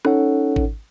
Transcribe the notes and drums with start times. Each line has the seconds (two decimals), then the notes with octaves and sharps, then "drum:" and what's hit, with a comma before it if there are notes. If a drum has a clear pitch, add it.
0.05 C#4 D#4 A4 C#5 F#5, drum: rim click
0.56 drum: kick G#1